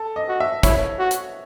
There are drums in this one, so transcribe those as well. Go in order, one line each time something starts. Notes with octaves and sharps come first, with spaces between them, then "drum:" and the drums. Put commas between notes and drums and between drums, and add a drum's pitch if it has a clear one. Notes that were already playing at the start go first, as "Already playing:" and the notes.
Already playing: A4
D#5
F#4
E5
E4 C#5, drum: kick, hi-hat
F#4
drum: hi-hat